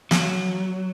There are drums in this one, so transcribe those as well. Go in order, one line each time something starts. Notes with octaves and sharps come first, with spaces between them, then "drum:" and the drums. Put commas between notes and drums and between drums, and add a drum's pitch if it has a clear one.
F#3, drum: snare